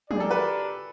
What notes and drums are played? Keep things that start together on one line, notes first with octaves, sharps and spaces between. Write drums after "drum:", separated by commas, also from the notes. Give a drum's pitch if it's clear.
D4 G4 G#4 A#4 D5, drum: tom F3
A4
B4